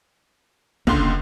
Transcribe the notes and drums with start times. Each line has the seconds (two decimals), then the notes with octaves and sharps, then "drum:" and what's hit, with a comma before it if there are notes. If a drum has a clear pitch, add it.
0.87 C#2 D3 A#3 C#4 C6, drum: kick